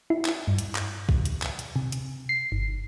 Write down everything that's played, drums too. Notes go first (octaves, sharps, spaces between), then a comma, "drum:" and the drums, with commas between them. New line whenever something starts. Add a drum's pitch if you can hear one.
E4
drum: clap
G2
drum: hi-hat
drum: clap
drum: kick B1
drum: hi-hat
drum: clap
drum: hi-hat
C3
drum: hi-hat
C7
G1